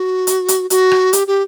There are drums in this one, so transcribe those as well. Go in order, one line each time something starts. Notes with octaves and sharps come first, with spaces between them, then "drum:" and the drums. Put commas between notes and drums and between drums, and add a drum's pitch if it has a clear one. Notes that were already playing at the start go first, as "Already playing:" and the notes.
Already playing: F#4
drum: hi-hat
drum: hi-hat
F#4, drum: hi-hat
drum: rim click
G4, drum: hi-hat
G4